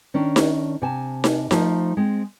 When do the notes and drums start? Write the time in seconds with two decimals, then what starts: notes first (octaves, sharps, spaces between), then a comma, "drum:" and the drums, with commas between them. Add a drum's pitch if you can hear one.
0.14 D#3 C#4 D4
0.36 drum: snare D#4
0.82 C3 G#5 A5
1.24 drum: snare D#4
1.51 F3 A3 D#4 F4, drum: snare D#4
1.97 G#3 C4